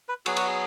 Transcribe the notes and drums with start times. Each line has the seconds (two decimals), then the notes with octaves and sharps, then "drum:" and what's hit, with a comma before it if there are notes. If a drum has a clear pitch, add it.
0.09 B4
0.26 F#3 B3 F#4 G#4, drum: cymbal
0.37 F#4, drum: cymbal
0.47 G#4